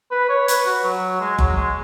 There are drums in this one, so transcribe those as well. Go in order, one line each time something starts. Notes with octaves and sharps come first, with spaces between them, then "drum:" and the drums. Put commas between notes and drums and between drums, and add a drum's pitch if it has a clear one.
B4
C#5
B4, drum: hi-hat
F#4
F#3
G#3
F#3, drum: kick F#1
G#3